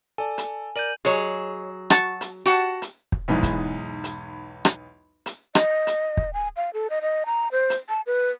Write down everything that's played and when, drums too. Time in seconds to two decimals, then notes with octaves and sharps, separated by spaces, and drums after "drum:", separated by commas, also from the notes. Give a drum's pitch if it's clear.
0.18 A4 D5 G#5 A5
0.38 drum: hi-hat
0.76 A#4 D5 G6 D#7 F#7
1.05 F#3 G#3 G#4 C#5
1.90 F#4 A5 C#6, drum: rim click
2.21 drum: hi-hat
2.46 F#4 G4 F#5 A5
2.82 drum: hi-hat
3.12 drum: kick
3.28 B1 E2 G#2
3.43 drum: kick, hi-hat
4.04 drum: hi-hat
4.65 drum: rim click
5.26 drum: hi-hat
5.55 D#5, drum: rim click
5.87 drum: hi-hat
6.17 drum: kick
6.33 G#5
6.56 F5
6.74 A4
6.90 D#5
7.02 D#5
7.26 A#5
7.52 C5
7.70 drum: hi-hat
7.89 A5
8.06 B4